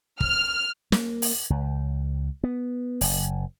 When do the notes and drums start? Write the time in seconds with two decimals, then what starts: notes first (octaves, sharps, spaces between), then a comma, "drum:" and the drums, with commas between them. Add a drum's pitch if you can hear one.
0.20 F6, drum: kick
0.92 A#3, drum: snare
1.22 drum: open hi-hat
1.50 C#2
2.44 B3
3.01 F#1, drum: open hi-hat